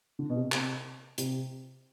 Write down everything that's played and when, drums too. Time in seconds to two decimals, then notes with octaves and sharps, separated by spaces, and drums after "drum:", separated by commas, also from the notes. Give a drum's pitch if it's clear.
0.19 D3
0.30 B2
0.35 C3
0.52 C3, drum: clap
1.18 C3, drum: hi-hat